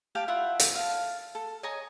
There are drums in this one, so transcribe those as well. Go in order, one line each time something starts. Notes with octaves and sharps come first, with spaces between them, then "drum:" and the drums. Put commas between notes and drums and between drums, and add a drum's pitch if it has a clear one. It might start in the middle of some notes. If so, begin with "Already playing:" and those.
G4 F5 G5 A5
E4 F4 E5 F#5
drum: hi-hat
F5 A5
A4
C#5 D#5 G#5 A#5